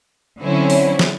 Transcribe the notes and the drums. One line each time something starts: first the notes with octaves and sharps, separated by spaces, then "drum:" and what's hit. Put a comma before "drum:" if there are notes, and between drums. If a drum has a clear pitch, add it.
D3 F#3 C4 C#4 E4
drum: open hi-hat
drum: snare